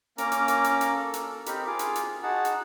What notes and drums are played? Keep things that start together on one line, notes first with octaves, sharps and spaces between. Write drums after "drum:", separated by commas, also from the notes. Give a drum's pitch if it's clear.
A#3 C#4 A#4 A#5 D6, drum: hi-hat
drum: hi-hat
drum: hi-hat
drum: hi-hat
drum: hi-hat
A4
drum: hi-hat
C4 D#4 G4 A#4 B5, drum: hi-hat
F4 G#4 F5 D6
drum: hi-hat
drum: hi-hat
D#4 F#4 G#4 F#5 A5
drum: hi-hat